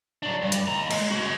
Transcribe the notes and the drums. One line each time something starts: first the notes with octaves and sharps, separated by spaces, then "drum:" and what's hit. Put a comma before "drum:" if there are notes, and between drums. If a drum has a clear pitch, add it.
F#3 D4
G2
drum: hi-hat
D#2 A#5
G#3, drum: cymbal
F#4 G#4